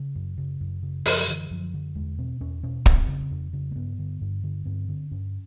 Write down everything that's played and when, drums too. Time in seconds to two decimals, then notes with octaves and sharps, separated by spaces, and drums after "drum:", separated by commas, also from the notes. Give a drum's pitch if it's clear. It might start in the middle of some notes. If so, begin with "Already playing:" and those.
Already playing: C#3
0.15 F#2
0.38 C#3
0.61 F#2
0.83 C#3
1.05 F#2 F3, drum: open hi-hat
1.28 D3 E3
1.51 F#2 F3
1.74 D3
1.95 E2 G#3
2.18 B2 C4
2.41 E2 C#4
2.63 B2 C#4
2.86 F2 C4, drum: kick
3.08 C#3
3.31 F2
3.53 C#3
3.71 A#3
3.76 G2 B3
3.99 D3
4.21 G2
4.44 D3
4.65 G2 C4
4.89 D3
5.11 G2 C#4